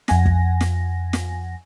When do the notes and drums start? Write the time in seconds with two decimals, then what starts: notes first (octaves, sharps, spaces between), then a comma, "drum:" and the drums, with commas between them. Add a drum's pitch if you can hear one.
0.08 F2 F#5 G#5 A#6, drum: snare
0.25 drum: kick
0.61 drum: snare
1.13 drum: snare